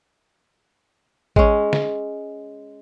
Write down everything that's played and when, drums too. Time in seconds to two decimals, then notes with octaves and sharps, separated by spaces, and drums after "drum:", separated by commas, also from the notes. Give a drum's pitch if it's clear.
1.36 G#3 C#4, drum: kick A1
1.73 drum: snare